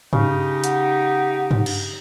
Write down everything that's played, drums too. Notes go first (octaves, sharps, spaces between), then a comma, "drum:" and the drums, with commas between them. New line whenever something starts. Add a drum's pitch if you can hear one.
C#3 D#4 G4, drum: tom G2
F#5, drum: hi-hat
drum: tom G2
drum: cymbal